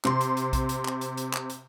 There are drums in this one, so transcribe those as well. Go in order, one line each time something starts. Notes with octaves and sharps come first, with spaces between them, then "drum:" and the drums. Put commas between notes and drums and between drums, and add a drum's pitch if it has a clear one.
C3 C6, drum: clap
drum: hi-hat
drum: hi-hat
drum: kick A#1, hi-hat
drum: hi-hat
drum: clap
drum: hi-hat
drum: hi-hat
drum: clap
drum: hi-hat